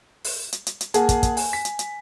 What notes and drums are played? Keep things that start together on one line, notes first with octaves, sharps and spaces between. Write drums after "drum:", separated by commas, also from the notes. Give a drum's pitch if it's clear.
drum: open hi-hat
drum: hi-hat
drum: hi-hat
drum: hi-hat
A#3 G#4 F#5 A5, drum: hi-hat
drum: kick, hi-hat
drum: kick, hi-hat
G#5, drum: open hi-hat
B6
drum: hi-hat
drum: hi-hat